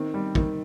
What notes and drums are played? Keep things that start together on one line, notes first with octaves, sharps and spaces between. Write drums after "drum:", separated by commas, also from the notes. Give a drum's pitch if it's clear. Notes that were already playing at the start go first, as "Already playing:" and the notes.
Already playing: D#3 C4
G3
D#3, drum: kick